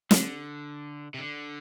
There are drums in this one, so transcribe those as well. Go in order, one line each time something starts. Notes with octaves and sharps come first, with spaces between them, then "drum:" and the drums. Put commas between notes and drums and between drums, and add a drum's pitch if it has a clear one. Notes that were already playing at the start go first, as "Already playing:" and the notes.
D3, drum: snare
C3
D3